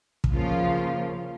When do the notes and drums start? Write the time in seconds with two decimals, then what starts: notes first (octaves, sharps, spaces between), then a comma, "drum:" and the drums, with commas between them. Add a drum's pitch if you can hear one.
0.24 drum: kick
0.34 C#3 F3 A#3 F4